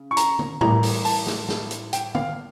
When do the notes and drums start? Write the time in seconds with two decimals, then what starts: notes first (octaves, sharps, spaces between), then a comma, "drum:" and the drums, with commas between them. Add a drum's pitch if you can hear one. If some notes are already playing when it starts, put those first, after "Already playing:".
Already playing: C#3
0.11 C#6
0.17 A#5, drum: hi-hat
0.39 drum: tom
0.61 A1 A2 E3 G3 A#3 A#5, drum: tom A2
0.83 drum: open hi-hat
1.05 A5, drum: open hi-hat
1.27 drum: snare
1.49 drum: snare
1.71 drum: hi-hat
1.93 G5, drum: hi-hat
2.15 F5, drum: tom